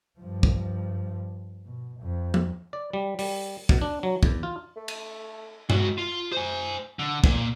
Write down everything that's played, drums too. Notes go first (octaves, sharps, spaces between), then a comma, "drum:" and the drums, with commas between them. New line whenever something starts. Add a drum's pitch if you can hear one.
G2 F3
drum: kick
B2
F2
drum: tom F3
D5
G3
G3, drum: open hi-hat
B2, drum: kick
D4
F#3
E2, drum: kick
F4
A3
drum: cymbal
G#3 F#4, drum: tom G2
F4
C5 G#5
D3
A#2, drum: kick